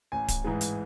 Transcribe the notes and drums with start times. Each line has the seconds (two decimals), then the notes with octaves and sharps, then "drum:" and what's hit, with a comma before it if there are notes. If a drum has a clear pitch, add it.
0.12 A1 G#5
0.28 drum: kick D1, hi-hat
0.44 G#2 E3 G#3
0.61 drum: hi-hat